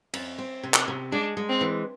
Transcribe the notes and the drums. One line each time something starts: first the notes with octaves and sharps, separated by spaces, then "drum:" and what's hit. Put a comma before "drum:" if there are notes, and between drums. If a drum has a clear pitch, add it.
F2, drum: cymbal
C4
C3
drum: clap
C3
G#3 D4
G#3
C4
E3